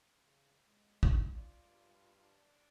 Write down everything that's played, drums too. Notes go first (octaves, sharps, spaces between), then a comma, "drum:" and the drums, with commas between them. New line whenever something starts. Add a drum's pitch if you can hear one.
C#3
G#3
drum: kick
F4 D5
G2
D4